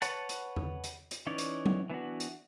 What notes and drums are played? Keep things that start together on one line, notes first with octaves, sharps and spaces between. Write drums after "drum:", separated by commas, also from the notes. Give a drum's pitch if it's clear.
B4 C#5 F#5 A5, drum: hi-hat
drum: hi-hat
drum: tom E2
drum: hi-hat
drum: hi-hat
E3 C#4 D#4 C#5 D5
drum: hi-hat
drum: tom F#3
E3 B3 D4 F#4
drum: hi-hat